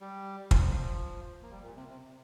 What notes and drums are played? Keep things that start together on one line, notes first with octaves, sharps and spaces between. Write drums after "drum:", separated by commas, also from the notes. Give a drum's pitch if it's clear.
G3
F3, drum: kick
A#3
G3
A#2
C3
C3